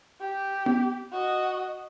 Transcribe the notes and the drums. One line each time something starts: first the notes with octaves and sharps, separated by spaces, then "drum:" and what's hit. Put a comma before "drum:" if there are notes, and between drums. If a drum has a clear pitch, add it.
G4
drum: tom B3
F#4 D#5